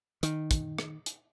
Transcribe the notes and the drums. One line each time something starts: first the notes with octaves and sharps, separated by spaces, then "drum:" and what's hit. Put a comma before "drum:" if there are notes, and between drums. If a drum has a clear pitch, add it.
D#3, drum: hi-hat
drum: kick, hi-hat
drum: rim click
drum: hi-hat